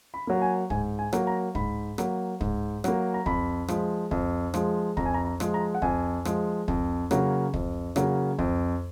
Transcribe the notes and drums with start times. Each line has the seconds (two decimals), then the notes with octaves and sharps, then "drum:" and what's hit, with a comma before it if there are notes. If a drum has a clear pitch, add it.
0.14 B5
0.27 F#3 A#3
0.42 G#5
0.70 G#2 G#5, drum: kick
0.99 G#5
1.13 F#3 A#3, drum: rim click
1.27 A#5
1.55 G#2 B5, drum: kick
1.98 F#3 A#3, drum: rim click
2.41 G#2, drum: kick
2.84 F#3 A#3, drum: rim click
3.14 A#5
3.26 F2 B5, drum: kick
3.68 F3 G#3, drum: rim click
4.11 F2, drum: kick
4.54 F3 G#3, drum: rim click
4.97 F2 A#5, drum: kick
5.06 G#5
5.14 A#5
5.25 A#5
5.40 F3 G#3, drum: rim click
5.54 A#5
5.75 F#5
5.82 F2 G#5, drum: kick
6.25 F3 G#3, drum: rim click
6.68 F2, drum: kick
7.11 C#3 F#3 A#3, drum: rim click
7.54 F2, drum: kick
7.96 C#3 F#3 A#3, drum: rim click
8.39 F2, drum: kick